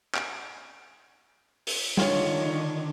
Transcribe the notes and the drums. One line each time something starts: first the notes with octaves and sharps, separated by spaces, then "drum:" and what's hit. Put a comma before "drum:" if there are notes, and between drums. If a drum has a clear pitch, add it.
D7, drum: clap
drum: open hi-hat
D3 D#3 F4 C#5, drum: snare